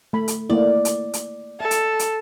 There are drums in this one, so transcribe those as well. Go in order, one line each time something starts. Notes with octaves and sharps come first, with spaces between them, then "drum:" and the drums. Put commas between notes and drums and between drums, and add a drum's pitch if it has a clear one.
A3 B5
drum: hi-hat
A3 A#3 E4 D5
drum: hi-hat
drum: hi-hat
A4 E5
drum: hi-hat
drum: hi-hat